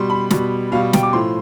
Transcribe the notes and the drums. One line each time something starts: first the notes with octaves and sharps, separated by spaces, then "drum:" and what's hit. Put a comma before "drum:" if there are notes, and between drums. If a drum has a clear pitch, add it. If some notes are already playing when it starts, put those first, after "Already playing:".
Already playing: B2 G3 C6
B5
B2 G3, drum: snare
B2 G3 F5
G5, drum: snare
D6
A2 F3 C6